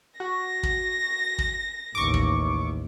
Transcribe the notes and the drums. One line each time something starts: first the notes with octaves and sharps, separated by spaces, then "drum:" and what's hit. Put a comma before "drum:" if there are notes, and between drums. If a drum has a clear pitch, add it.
F#4 A#6
drum: kick
drum: kick
A1 D#2 C#6 D6
drum: kick